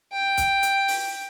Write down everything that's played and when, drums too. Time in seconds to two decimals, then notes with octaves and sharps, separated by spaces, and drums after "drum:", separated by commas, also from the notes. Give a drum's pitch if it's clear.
0.12 G5
0.38 drum: kick, hi-hat
0.63 drum: hi-hat
0.88 drum: open hi-hat